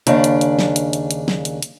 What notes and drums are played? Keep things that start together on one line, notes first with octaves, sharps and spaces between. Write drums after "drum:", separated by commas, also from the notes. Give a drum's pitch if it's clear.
D#2 C#3 D4, drum: hi-hat
drum: hi-hat
drum: hi-hat
drum: snare
drum: hi-hat
drum: hi-hat
drum: hi-hat
drum: snare
drum: hi-hat
drum: hi-hat